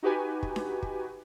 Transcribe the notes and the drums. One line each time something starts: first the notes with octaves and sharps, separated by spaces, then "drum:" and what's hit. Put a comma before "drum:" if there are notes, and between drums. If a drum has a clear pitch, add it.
D#4 F#4 G4 B4 G#5
drum: kick
drum: snare D4
drum: kick